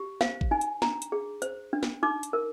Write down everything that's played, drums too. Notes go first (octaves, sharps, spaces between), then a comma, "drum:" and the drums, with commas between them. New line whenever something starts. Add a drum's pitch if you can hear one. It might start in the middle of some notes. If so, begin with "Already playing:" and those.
Already playing: G4
C5 F5, drum: snare
drum: kick G#1
D#4 G#5
drum: hi-hat
D4 A#5, drum: snare
drum: hi-hat
G#4
C5, drum: hi-hat
D4
drum: snare
D#4 D6
drum: hi-hat
A#4